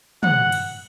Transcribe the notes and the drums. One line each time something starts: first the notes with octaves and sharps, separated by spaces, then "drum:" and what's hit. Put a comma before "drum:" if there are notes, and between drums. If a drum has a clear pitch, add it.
F#5, drum: tom
drum: cymbal